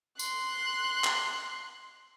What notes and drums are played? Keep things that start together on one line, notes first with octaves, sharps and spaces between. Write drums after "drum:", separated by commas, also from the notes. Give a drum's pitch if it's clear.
C6 F#6, drum: tambourine
drum: clap